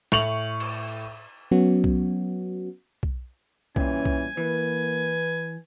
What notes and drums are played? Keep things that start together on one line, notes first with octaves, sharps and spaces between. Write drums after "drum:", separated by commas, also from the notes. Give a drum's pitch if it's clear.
A2 C#6 F7 F#7, drum: snare
drum: cymbal
F#3 B3 C#4 F#4
drum: kick B1
drum: kick B1
G2 A#2 E3 C#4 G#5, drum: kick B1
drum: kick B1
E3 A#3 B4